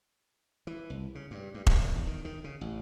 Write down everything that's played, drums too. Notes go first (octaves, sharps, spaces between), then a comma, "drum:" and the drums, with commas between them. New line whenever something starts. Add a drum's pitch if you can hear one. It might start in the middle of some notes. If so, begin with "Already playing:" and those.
E3
C2
C#3
G2
G2
G2, drum: kick E1
E1
E2
D#3
D#3
C#3
A1